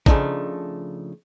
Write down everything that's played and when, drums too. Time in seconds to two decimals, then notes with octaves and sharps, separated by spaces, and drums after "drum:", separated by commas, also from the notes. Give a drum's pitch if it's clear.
0.06 C#3 F3 A3 D4 D#4, drum: kick